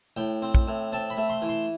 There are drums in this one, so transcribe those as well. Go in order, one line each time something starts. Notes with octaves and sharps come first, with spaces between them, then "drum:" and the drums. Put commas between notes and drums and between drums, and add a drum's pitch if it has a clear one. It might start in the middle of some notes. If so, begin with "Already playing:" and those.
A2 G5
C4
drum: kick
A2
C4 A5
B5
A3
C6
E3
C6